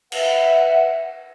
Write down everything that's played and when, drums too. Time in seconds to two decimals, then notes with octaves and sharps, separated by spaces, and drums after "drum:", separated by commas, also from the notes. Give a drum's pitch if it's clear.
0.12 B4 E5 F#5, drum: cymbal